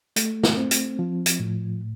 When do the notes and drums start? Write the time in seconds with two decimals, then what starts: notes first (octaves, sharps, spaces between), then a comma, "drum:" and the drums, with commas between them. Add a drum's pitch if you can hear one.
0.16 A3, drum: hi-hat
0.43 drum: snare
0.57 C4
0.71 drum: hi-hat
0.99 F3
1.26 drum: hi-hat
1.40 A2